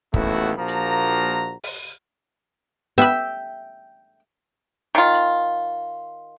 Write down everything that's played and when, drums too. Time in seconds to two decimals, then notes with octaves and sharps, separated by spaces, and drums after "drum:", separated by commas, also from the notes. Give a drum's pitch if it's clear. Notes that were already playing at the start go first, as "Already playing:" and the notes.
0.14 A1 D#2 A3 B3 E4 F#4, drum: kick
0.57 A#1 F3 A#3 F#4 A#5
0.68 drum: hi-hat
1.64 drum: open hi-hat
2.98 B3 B4 E5 G5
4.95 D#3 F4
5.14 drum: hi-hat